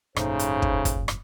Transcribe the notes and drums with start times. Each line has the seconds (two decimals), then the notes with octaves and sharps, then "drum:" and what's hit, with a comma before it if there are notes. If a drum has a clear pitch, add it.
0.16 G#1 F#2 A#2 C#3 A3 D#4 C5, drum: rim click
0.39 drum: hi-hat
0.62 drum: kick
0.85 drum: kick, hi-hat
1.08 drum: rim click